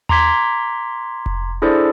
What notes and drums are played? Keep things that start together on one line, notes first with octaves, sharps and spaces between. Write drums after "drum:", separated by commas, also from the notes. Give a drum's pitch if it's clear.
A#5 C6 D6 G#6 B6, drum: tom D#2
drum: kick F1
D4 E4 G#4 A4 C5 D5